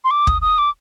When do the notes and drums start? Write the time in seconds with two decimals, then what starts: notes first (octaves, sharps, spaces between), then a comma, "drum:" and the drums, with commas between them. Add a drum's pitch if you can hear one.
0.04 C6
0.11 D6
0.27 D#6, drum: kick
0.42 D#6
0.58 D6